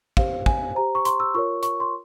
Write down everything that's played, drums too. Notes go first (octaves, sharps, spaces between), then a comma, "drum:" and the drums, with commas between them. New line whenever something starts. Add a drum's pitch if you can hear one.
G4 C5 F5, drum: kick
G#5, drum: kick
G4 C5 A#5
C#6
C6, drum: hi-hat
E6
F4 A#4 C#5 C#6
C#6, drum: hi-hat
C6